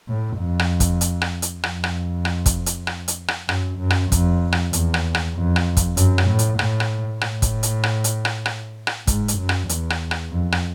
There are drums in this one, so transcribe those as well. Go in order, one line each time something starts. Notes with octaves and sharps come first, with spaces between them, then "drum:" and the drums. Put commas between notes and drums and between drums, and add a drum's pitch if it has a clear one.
A2
F2
drum: rim click
drum: kick, hi-hat
drum: hi-hat
drum: rim click
drum: hi-hat
F2, drum: rim click
drum: rim click
drum: rim click
drum: kick, hi-hat
drum: hi-hat
drum: rim click
drum: hi-hat
drum: rim click
F#2, drum: rim click
F#2
drum: rim click
F2, drum: kick, hi-hat
drum: rim click
E2, drum: hi-hat
drum: rim click
drum: rim click
F2
drum: rim click
drum: kick, hi-hat
F#2, drum: hi-hat
drum: rim click
A2
drum: hi-hat
A2, drum: rim click
drum: rim click
A2, drum: rim click
drum: kick, hi-hat
drum: hi-hat
drum: rim click
drum: hi-hat
drum: rim click
drum: rim click
drum: rim click
G#2, drum: kick, hi-hat
drum: hi-hat
F#2
drum: rim click
E2, drum: hi-hat
drum: rim click
drum: rim click
F2
drum: rim click